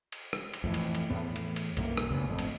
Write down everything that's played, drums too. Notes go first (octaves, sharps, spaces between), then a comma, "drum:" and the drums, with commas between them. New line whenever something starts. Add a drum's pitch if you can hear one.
drum: cymbal
drum: rim click
drum: cymbal
F2 A2 E3
drum: cymbal
drum: cymbal
E2 A2 B3
drum: cymbal
drum: cymbal
B1 F#2 A#3, drum: cymbal
drum: rim click
D2 C#3 B3
G#1 F2 A2
drum: cymbal